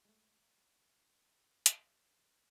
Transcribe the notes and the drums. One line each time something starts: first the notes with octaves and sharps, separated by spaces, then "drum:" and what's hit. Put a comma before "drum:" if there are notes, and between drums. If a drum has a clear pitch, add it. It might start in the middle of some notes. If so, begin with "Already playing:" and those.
G#3 A3
drum: hi-hat